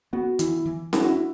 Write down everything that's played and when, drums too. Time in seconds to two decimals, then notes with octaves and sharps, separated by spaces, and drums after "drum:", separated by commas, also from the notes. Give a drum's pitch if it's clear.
0.13 B3 F#4
0.39 E3 E4, drum: hi-hat
0.66 E3
0.93 D4 E4, drum: snare C#4
1.00 F#4
1.08 E4